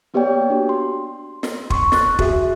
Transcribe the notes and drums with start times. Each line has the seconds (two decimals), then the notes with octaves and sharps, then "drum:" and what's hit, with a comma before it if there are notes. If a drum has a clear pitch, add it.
0.14 A#3 B3 G4 C#5 D5 G5
0.50 D4 F#4
0.69 C6
1.43 drum: snare
1.70 C6 C#6, drum: kick
1.92 F#6 A6, drum: snare
2.19 F#4 G#4 E5, drum: kick